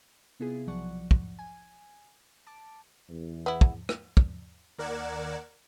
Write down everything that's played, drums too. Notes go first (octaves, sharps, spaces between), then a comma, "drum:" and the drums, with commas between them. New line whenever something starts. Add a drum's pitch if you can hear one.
C3 B3 E4 F4 G#4
B1 F3 F#3 D5 F#5 C#6
drum: kick
G#5
A5 D6
E2
B3 E4
drum: kick
drum: rim click
drum: kick
D#2 A#4 D5 F#5 G#6 E7